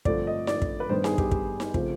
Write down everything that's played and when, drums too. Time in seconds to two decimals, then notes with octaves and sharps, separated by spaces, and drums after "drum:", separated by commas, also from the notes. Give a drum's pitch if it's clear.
0.05 G2 D3 F3 A3 C4 D5, drum: kick
0.27 D#5
0.47 D5, drum: snare D#4
0.62 drum: kick
0.80 B4
0.89 G2 D#3 G3 B3 C5
1.04 G#4, drum: snare D#4
1.18 G4, drum: kick
1.31 G4, drum: kick
1.60 drum: snare D#4
1.74 C#3 F3 A3 C4, drum: kick